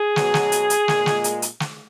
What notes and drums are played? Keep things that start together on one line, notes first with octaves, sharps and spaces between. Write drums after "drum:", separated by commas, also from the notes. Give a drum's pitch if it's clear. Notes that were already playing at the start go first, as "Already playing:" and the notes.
Already playing: G#4
B2 F#3, drum: snare
drum: snare
drum: hi-hat
drum: hi-hat
A#2 G#3, drum: snare
drum: snare
drum: hi-hat
drum: hi-hat
drum: snare